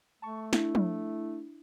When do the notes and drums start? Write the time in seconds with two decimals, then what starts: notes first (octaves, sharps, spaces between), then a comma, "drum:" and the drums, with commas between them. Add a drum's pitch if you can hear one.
0.22 A3 A5 C#6
0.53 D4 E4, drum: snare
0.75 drum: tom F3